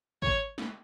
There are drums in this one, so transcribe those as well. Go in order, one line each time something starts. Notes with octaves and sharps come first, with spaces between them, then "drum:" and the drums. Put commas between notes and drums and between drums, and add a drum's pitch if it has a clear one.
C#5, drum: kick
drum: snare